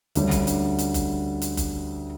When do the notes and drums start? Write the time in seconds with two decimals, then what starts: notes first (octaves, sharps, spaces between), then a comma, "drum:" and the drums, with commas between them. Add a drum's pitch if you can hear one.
0.15 D2 D3 G3 C#4, drum: hi-hat
0.31 drum: kick F#1, hi-hat
0.47 drum: hi-hat
0.79 drum: hi-hat
0.94 drum: kick F#1, hi-hat
1.42 drum: hi-hat
1.57 drum: kick F#1, hi-hat